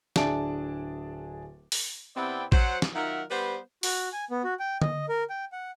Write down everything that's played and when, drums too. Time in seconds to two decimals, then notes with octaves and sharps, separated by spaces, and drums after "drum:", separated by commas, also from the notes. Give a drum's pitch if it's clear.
0.16 D1 D4 G#4 E5 A5 D7, drum: snare
1.72 drum: open hi-hat
2.17 C3 B3 C4 E4 D5 G5
2.52 F#3 C5 F#5, drum: kick A1
2.82 drum: snare
2.95 D#3 F#3 F4 A#4 E5 F#5
3.31 G3 B3 B4 C5
3.83 F#4, drum: open hi-hat
4.12 G#5
4.31 B3
4.44 F#4
4.60 G5
4.82 D#5, drum: tom D3
5.09 A#4
5.30 G5
5.52 F#5